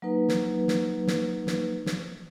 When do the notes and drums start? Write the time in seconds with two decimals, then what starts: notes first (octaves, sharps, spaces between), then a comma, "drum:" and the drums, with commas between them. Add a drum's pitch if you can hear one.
0.02 F#3 A#3 D#4 B4
0.29 drum: snare
0.68 drum: snare
1.07 drum: snare
1.47 drum: snare
1.86 drum: snare